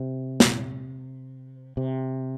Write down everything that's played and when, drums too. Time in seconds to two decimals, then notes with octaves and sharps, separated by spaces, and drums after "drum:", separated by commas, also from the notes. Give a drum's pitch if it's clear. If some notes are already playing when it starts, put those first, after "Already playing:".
Already playing: C3
0.40 drum: snare
1.77 C3